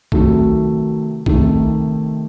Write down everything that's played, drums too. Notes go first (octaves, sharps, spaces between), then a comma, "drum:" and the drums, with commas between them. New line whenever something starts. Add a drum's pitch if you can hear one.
C3 D#3 F#3 A3, drum: kick
C3 D#3 A3 D#4, drum: kick